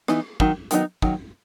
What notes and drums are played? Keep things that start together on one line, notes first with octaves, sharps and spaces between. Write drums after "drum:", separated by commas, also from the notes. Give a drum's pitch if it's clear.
E3 B3 D#4, drum: rim click
D#3 F#3, drum: kick
D#3 F#3 B3 D#4, drum: hi-hat
D#3 F#3, drum: kick